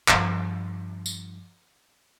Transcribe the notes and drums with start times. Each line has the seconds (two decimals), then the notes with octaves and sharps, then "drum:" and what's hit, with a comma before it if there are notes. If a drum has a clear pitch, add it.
0.08 G2 F3, drum: clap
1.06 drum: tambourine